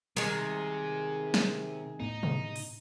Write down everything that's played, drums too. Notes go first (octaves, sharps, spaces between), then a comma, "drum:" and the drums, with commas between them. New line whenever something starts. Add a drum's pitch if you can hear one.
C3 D#3 G3 G#3
drum: snare
A2 B3 D#4
drum: tom C3
drum: open hi-hat